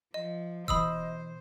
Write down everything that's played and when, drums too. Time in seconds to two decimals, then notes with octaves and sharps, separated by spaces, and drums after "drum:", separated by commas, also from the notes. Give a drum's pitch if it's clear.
0.14 F3 D#5
0.68 B2 E3 C5 D#5 B5 D#6 E6, drum: kick D#1